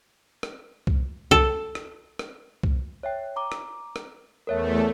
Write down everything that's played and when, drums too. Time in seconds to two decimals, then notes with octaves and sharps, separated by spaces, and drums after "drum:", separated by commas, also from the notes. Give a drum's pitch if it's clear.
0.43 drum: rim click
0.87 drum: kick C2
1.31 A4, drum: kick C2
1.75 drum: rim click
2.19 drum: rim click
2.63 drum: kick C2
3.03 C#5 E5 G5
3.36 A#5 D6
3.52 drum: rim click
3.96 drum: rim click
4.47 E2 A3 A#4 C#5 E5